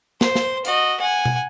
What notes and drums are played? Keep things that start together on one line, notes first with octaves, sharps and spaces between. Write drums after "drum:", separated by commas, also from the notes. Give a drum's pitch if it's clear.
C5 C6, drum: snare
drum: snare
F#4 D#5, drum: hi-hat
F#5 G#5
drum: tom B2